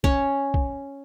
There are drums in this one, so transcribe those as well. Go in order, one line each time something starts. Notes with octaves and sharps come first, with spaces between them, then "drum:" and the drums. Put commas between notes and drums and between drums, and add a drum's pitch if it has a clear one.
C#4 C#5, drum: kick
drum: kick